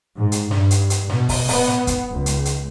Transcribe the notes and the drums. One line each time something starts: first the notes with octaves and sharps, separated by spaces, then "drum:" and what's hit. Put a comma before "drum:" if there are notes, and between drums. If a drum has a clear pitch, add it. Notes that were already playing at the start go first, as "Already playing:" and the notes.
G#2
drum: hi-hat
G2, drum: snare
drum: hi-hat
drum: hi-hat
B2, drum: snare
drum: kick, open hi-hat
B3, drum: open hi-hat
drum: snare
drum: kick, hi-hat
C#2
drum: hi-hat
drum: hi-hat